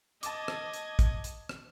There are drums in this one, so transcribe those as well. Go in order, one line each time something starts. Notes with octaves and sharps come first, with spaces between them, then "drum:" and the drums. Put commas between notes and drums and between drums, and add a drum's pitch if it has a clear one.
D#5 A5 D6 G#6, drum: hi-hat
drum: rim click
drum: hi-hat
drum: kick, hi-hat
drum: hi-hat
drum: rim click